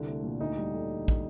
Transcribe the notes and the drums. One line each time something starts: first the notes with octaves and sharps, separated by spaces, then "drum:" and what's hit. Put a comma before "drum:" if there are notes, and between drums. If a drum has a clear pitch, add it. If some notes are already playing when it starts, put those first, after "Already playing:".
Already playing: C2 D3
A3
A#2
D2 D#4
G3
D3
drum: kick